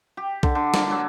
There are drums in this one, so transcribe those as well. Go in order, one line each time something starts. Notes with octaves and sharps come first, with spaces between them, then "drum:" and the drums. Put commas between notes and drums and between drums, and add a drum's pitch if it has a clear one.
G4
D3, drum: kick B1
D3
A#3, drum: snare
F#3